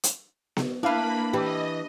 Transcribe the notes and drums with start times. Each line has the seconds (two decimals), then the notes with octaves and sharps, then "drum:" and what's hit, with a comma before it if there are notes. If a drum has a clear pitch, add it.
0.04 drum: hi-hat
0.57 drum: snare B3
0.83 A#3 D4 E4 B4 F5 B5
1.34 E3 G4 D#5